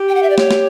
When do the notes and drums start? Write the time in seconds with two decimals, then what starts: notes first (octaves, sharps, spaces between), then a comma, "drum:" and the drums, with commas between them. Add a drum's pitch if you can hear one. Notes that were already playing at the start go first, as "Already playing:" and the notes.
Already playing: G4
0.09 G5
0.15 F#5
0.23 E5
0.30 D5
0.38 C#5, drum: snare
0.51 drum: snare